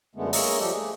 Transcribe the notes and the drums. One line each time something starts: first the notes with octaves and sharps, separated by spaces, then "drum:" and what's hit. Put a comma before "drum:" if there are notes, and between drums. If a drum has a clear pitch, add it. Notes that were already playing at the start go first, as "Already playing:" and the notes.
F#2 D3 G#3 A3 B3
G#3 A#3 C#5 D#5 E5 A#5, drum: open hi-hat
F3 G3 G4 A4
A3 G#4